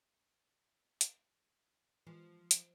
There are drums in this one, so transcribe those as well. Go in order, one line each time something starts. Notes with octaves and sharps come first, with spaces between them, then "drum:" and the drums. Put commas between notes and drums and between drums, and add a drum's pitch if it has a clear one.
drum: hi-hat
E3 F3 G#3
drum: hi-hat